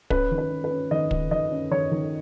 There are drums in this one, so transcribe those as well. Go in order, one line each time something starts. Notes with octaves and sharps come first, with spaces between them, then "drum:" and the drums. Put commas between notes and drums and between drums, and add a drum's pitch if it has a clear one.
C#4 B4, drum: kick
D#3
B4
C#4
B4
C#4
D#3 D#5
D#3, drum: kick
D#3 D#5
C#4
D#3 C#5
D#3